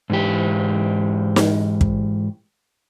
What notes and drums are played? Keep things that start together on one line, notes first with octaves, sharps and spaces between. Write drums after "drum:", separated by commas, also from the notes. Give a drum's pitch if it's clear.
G#2 E3 G4
drum: snare
drum: kick